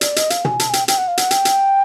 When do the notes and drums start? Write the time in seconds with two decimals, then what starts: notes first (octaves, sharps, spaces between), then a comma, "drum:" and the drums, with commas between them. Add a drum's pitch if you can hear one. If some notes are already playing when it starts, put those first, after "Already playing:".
0.01 D5, drum: hi-hat
0.16 D#5, drum: hi-hat
0.30 F5, drum: hi-hat
0.45 G#5, drum: tom
0.60 A5, drum: hi-hat
0.69 G#5
0.73 G5, drum: hi-hat
0.88 G5, drum: hi-hat
0.98 F#5
1.08 F5
1.18 F#5, drum: hi-hat
1.31 G5, drum: hi-hat
1.45 drum: hi-hat